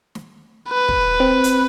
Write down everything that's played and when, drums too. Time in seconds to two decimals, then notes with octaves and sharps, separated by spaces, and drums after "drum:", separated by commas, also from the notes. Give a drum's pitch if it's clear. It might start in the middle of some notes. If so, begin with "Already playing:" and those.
0.15 drum: snare
0.69 B4
0.88 drum: kick
1.20 C4
1.44 drum: hi-hat